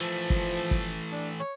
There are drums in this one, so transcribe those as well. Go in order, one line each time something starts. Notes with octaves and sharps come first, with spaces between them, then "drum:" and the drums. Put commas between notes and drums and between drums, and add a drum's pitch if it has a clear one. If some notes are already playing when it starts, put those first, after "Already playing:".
E3 F3 A3
drum: kick
drum: kick
D4
C#5